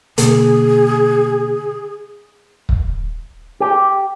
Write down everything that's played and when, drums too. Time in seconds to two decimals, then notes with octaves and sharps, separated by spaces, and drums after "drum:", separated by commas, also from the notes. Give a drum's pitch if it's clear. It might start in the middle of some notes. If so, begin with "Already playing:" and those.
0.18 B2 D3 A#3 G#4, drum: hi-hat
2.69 drum: kick
3.60 G4